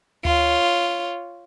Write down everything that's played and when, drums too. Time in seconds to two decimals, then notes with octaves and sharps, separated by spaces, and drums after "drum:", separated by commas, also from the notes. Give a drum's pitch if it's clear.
0.25 F4 C#5, drum: tom D2